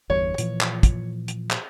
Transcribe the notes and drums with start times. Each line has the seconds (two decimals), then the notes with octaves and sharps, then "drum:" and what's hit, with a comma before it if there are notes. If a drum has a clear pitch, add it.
0.10 G1 E2 G2 C#5
0.38 A#2 E3 F3, drum: hi-hat
0.61 drum: clap
0.83 drum: kick, hi-hat
1.28 drum: hi-hat
1.51 drum: clap